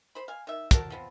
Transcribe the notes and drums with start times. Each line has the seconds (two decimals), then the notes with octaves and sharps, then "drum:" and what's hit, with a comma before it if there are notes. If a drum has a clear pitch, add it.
0.15 C5 B5
0.28 F5 G#5
0.47 D#3 E5
0.71 F#4 A4 A#4 A5, drum: kick, hi-hat
0.90 F3 B3 C4